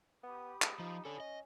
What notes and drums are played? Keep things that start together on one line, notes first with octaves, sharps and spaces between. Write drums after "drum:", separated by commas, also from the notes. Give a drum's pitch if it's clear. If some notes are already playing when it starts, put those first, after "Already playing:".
B3 G4 B5 D#6
G#3, drum: clap
F3 D#4
C#4 D4 A4
D#5